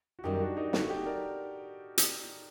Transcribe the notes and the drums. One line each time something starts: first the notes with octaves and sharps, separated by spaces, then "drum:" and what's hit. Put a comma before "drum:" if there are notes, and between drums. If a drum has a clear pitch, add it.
F#4
F#2 D#3 G3 D#4 G4
D4 F#4
D#4 G4
D3 A3 C4 F#4 A4, drum: snare
D#4 G4
A#4 D5
drum: hi-hat